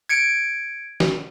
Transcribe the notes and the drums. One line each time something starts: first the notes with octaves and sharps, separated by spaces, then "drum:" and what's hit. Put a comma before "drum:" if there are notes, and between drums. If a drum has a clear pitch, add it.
G#6 C#7 D7
drum: snare